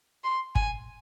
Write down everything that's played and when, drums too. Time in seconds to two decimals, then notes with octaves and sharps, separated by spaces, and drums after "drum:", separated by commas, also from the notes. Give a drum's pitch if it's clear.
0.24 C6
0.55 G#5, drum: kick G1